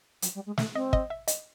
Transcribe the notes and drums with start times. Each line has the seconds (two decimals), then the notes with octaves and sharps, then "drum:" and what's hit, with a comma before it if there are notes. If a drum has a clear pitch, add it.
0.22 F#3, drum: hi-hat
0.35 G3
0.46 G#3
0.58 A3 E5, drum: snare
0.75 C4 D#5
0.93 D#5, drum: kick
1.10 E5
1.28 D#5, drum: hi-hat